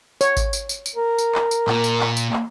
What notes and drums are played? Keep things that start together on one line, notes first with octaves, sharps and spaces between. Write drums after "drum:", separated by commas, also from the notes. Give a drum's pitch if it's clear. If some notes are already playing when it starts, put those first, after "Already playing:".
C#5, drum: tambourine
drum: kick G#1, tambourine
drum: tambourine
drum: tambourine
drum: tambourine
A#4
drum: tambourine
drum: clap
drum: tambourine
A#2, drum: clap
drum: tambourine
drum: clap
drum: tambourine
drum: clap